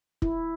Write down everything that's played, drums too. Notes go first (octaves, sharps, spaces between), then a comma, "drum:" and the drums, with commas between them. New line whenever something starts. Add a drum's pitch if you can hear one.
E4, drum: kick